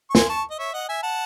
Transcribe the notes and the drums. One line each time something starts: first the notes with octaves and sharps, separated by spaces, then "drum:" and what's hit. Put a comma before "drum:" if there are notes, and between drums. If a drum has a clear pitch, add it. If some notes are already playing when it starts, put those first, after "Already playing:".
C#6
G#5 C6, drum: snare
A5 C#6
D#5
C#5 E5
D#5 F#5
E5 G#5
F#5 A5